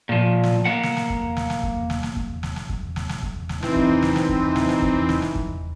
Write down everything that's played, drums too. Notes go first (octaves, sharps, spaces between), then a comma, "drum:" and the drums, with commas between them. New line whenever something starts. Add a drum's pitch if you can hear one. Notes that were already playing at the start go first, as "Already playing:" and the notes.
A#2 F3
drum: snare
A#3 F#5
drum: snare
drum: snare
drum: kick E2
drum: snare
drum: snare
drum: kick E2
drum: snare
drum: snare
drum: kick E2
drum: snare
drum: snare
drum: kick E2
drum: snare
drum: snare
drum: kick E2
drum: snare
E3 C4 D#4, drum: snare
drum: kick E2
drum: snare
drum: snare
drum: kick E2
drum: snare
drum: snare
drum: kick E2
drum: snare
drum: snare
drum: kick E2